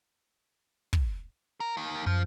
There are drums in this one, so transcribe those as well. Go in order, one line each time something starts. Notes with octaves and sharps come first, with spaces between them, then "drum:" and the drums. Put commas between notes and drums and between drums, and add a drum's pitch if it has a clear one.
drum: kick
A#4
D#2 D#3
F#2 F3